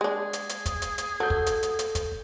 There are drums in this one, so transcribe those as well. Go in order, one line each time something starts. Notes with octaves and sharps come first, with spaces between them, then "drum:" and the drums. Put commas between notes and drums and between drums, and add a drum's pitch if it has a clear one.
G#3 D4 G#4
drum: hi-hat
drum: hi-hat
drum: kick, hi-hat
drum: hi-hat
drum: hi-hat
F#3 A4 G6
drum: kick
drum: hi-hat
drum: hi-hat
drum: hi-hat
drum: kick, hi-hat